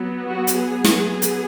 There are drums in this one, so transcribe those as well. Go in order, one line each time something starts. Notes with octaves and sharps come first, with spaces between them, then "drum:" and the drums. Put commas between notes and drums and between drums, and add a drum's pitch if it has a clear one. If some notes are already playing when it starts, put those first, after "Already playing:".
Already playing: F#3 B3
F#4
drum: hi-hat
G#4
F#3 B3, drum: snare
drum: hi-hat